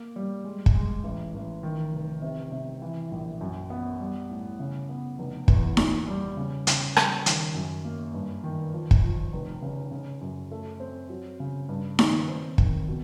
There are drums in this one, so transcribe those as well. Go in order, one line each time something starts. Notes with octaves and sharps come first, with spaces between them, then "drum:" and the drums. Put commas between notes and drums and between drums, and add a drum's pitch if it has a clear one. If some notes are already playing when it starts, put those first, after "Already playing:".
Already playing: A#3
G3
G#3
drum: kick
G#3
A1
A1
D#3
F1
C3
C3
E3
A#1
F#2
B3
G3
A2
C#3
B3
F1
E2, drum: kick
A#2, drum: snare D#4
G3
C#3
C#3, drum: hi-hat
G3, drum: rim click
D#3, drum: hi-hat
F#2
A#3
G2
D#3
F3
drum: kick
F3
F1
C#3
C#3
F#2
A3
C4
F#3
C#3
G2
D#3, drum: snare D#4
C4
D#3, drum: kick
B2